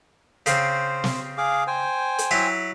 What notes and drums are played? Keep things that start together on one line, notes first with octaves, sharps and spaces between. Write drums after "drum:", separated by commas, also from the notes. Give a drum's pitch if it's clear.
C#3 C4 C5, drum: hi-hat
drum: snare
G#4 F5 D6
C5 G5 G#5
drum: hi-hat
F#3 E4 D#6